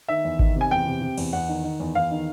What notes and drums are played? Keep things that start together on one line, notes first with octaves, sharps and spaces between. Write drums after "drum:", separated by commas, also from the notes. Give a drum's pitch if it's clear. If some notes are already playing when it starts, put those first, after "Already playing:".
D#3 E5
E2
D#3, drum: kick G#1
C3 G#5
E2 G5
C3
C3
E2, drum: cymbal
E2 F#5
D#3
D#3
E2
E2 F5
D#3